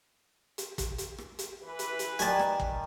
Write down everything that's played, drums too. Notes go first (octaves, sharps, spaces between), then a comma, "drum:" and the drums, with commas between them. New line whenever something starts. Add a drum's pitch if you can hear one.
drum: hi-hat
drum: kick, hi-hat
drum: hi-hat
drum: rim click
drum: hi-hat
E3 B4
drum: hi-hat
drum: hi-hat
D#3 G3 G#5 A5, drum: hi-hat
drum: rim click
drum: kick